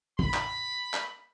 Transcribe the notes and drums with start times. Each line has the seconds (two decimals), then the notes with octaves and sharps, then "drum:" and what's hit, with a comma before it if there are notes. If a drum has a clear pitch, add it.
0.19 B5, drum: kick
0.34 drum: clap
0.94 drum: clap